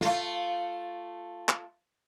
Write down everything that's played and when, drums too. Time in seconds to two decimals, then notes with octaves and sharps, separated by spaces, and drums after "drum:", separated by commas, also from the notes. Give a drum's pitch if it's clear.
0.01 A3 F4, drum: snare
1.49 drum: clap